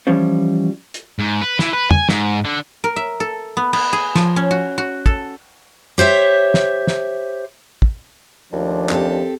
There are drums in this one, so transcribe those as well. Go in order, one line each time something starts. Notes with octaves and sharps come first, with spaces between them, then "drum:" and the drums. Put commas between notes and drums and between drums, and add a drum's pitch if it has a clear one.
E3 F3 G3 C#4 C5
drum: hi-hat
G#2
B4
E3, drum: snare
B4
G#5, drum: tom E2
G#2, drum: snare
D3
A#4
E5
A4
B3
B3, drum: cymbal
G#4
F3, drum: snare
C#4
F#4
F#4
A4, drum: kick
G4 C5 C#5 E5
drum: snare
drum: snare
drum: kick
D#2 F3 A3 C#4 D4
C4 G4 A4, drum: clap